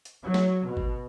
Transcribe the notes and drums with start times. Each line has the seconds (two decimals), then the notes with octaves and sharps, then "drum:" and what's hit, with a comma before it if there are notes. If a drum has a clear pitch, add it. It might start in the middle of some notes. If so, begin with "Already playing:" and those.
0.05 drum: hi-hat
0.22 F#3
0.34 drum: snare
0.68 B2
0.77 drum: kick